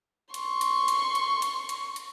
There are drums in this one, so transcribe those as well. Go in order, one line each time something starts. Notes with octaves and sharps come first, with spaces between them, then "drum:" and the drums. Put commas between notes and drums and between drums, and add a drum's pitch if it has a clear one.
C6 C#6, drum: hi-hat
drum: hi-hat
drum: hi-hat
drum: hi-hat
drum: hi-hat
drum: hi-hat
drum: hi-hat